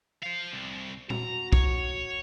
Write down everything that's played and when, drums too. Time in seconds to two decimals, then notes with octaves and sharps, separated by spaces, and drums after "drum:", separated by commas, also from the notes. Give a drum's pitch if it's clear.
0.23 C5 F5
0.53 C2
1.10 F#4 A#5, drum: tom A#2
1.53 C#5, drum: kick